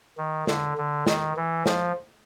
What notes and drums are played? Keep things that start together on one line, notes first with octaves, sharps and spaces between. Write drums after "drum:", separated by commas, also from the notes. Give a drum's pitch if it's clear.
D#3
D3, drum: snare
D3
D#3, drum: snare
E3
F3, drum: snare